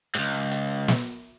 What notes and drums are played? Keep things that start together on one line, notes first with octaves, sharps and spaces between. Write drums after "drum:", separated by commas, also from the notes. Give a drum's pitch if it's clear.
C#2 G#2, drum: hi-hat
drum: hi-hat
drum: snare